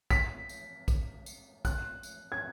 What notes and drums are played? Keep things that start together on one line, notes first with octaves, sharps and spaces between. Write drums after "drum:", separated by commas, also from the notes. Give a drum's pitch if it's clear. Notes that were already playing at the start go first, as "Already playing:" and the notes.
B6, drum: kick, tambourine
drum: tambourine
drum: kick, tambourine
drum: tambourine
F#6, drum: kick, tambourine
drum: tambourine
G#6